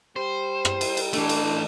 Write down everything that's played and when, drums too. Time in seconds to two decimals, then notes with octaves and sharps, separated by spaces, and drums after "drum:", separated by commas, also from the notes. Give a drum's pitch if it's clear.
0.16 G3 C5
0.65 drum: rim click
0.81 drum: cymbal
0.97 drum: cymbal
1.13 E3 A3 D4, drum: cymbal
1.29 drum: cymbal